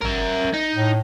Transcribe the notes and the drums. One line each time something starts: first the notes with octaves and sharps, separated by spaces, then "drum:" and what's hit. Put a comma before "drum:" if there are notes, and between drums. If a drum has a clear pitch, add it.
A#4 E5, drum: tom
drum: kick
D#4
A2